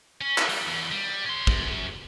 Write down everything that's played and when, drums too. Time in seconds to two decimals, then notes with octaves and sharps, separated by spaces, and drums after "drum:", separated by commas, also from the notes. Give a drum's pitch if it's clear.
0.21 C#4
0.38 drum: clap
0.49 G3, drum: open hi-hat
0.67 E2
0.92 G3
1.25 C#4 C6
1.47 F#2, drum: kick